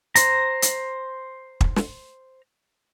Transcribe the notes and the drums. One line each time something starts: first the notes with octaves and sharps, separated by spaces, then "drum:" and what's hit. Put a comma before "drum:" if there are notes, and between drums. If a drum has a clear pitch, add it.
C5 A#5, drum: hi-hat
drum: hi-hat
drum: kick
drum: snare